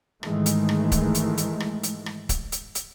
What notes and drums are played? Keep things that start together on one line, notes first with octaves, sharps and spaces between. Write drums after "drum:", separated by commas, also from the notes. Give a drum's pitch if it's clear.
G#2 D#3 E3 G#3 A3, drum: rim click
drum: hi-hat
drum: rim click
drum: kick C#1, hi-hat
drum: hi-hat
drum: hi-hat
drum: rim click
drum: hi-hat
drum: rim click
drum: kick C#1, hi-hat
drum: hi-hat
drum: hi-hat